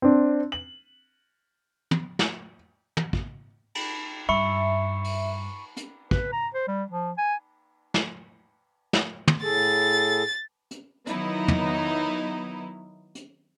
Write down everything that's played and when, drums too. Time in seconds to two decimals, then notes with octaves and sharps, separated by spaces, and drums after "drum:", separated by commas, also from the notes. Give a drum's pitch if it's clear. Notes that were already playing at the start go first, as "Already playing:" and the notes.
0.02 C4 D4
0.52 F#7
1.91 drum: tom
2.19 drum: snare
2.97 drum: tom
3.13 drum: kick
3.75 drum: cymbal
4.29 G2 E5 B5 C#6 C#7
5.04 drum: open hi-hat
5.77 drum: hi-hat
6.11 B4, drum: kick
6.32 A#5
6.54 C5
6.68 G3
6.90 F3
7.18 G#5
7.94 drum: snare
8.93 drum: snare
9.28 drum: tom
9.43 A2 G#4 A4 A6
10.71 drum: hi-hat
11.07 D#3 F#3 B3 D#4 E4, drum: hi-hat
11.48 drum: tom
13.15 drum: hi-hat